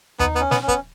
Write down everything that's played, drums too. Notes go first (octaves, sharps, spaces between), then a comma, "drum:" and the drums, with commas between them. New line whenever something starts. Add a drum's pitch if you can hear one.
B3 D#4, drum: tom D#2
B3
C#4
B3, drum: snare
C#4
B3, drum: kick